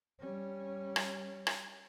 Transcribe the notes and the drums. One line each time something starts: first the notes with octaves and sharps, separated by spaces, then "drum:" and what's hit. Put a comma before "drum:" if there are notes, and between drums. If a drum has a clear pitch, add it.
G3 C#4
drum: rim click
drum: rim click